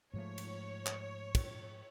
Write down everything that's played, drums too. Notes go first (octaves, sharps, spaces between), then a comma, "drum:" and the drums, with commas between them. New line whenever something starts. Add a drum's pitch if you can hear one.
G#2 F3 A3 C#5
drum: cymbal
drum: clap
drum: kick, cymbal